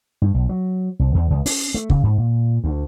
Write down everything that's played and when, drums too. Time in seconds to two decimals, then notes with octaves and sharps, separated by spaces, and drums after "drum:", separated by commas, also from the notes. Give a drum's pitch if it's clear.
0.22 G2
0.34 B1
0.49 F#3
0.99 C2
1.15 E2
1.30 C#2
1.46 C#4, drum: open hi-hat
1.74 A3
1.89 C#3, drum: kick
2.03 G#2
2.18 A#2
2.64 D2